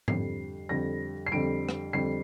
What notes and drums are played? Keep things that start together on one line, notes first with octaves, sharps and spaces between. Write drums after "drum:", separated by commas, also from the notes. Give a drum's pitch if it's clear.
F2 D3 G3 C7, drum: tom G#2
F2 D3 G3 A#6
C7
F2 D3 G3 D7
drum: rim click
F2 D3 G3 C7